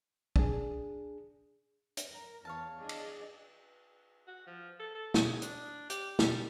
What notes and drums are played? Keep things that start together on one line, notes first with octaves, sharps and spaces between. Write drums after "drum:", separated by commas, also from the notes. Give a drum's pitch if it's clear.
D4 G#4, drum: kick
drum: hi-hat
A#4
E2 C#5 F5 A5
D4 G#4 D#5
drum: cymbal
F#4
F3
A4
A4
drum: snare
G#4
D4, drum: hi-hat
G4, drum: hi-hat
G3, drum: snare